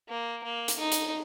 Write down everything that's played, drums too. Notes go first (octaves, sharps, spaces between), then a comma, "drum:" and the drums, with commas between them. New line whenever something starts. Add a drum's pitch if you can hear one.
A#3
A#3
drum: hi-hat
D#4
drum: hi-hat